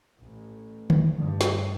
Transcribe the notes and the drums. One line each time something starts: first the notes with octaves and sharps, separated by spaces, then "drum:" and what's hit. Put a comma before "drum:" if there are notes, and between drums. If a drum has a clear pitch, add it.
A1
drum: tom
G2
drum: snare